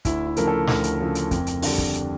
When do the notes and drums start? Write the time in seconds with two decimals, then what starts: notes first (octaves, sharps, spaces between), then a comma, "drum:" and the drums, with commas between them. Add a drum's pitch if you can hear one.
0.05 D2 E4, drum: kick, hi-hat
0.26 E4
0.37 C#3 F3 A3 A#4, drum: hi-hat
0.47 A4
0.67 D2 A#4, drum: snare
0.84 drum: hi-hat
1.00 C#3 F3 A3
1.15 drum: hi-hat
1.31 F2, drum: kick, hi-hat
1.47 drum: hi-hat
1.62 D3 G3, drum: open hi-hat
1.78 drum: kick, hi-hat
1.94 drum: hi-hat